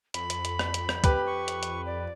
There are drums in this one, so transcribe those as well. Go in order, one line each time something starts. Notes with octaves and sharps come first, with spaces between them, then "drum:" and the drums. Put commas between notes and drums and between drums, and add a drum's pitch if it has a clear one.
F2 B5, drum: hi-hat
drum: hi-hat
drum: hi-hat
drum: rim click
drum: hi-hat
drum: rim click
G4 B4, drum: kick C#2, hi-hat
C#6
drum: hi-hat
drum: hi-hat
D5